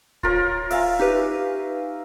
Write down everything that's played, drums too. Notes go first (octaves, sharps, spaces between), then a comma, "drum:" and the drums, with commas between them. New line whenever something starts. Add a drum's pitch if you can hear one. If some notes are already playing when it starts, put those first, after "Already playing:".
F4 A#4 C#5, drum: kick D1
E5 F5 G#5, drum: open hi-hat
D#4 G4 B4